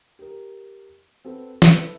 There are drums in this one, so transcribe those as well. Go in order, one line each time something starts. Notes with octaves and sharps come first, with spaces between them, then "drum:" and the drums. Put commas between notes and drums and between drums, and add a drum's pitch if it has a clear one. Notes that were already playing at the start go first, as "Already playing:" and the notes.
G4 A#4
C4 F#4 A4 B4
E4 A4 B4 E5, drum: snare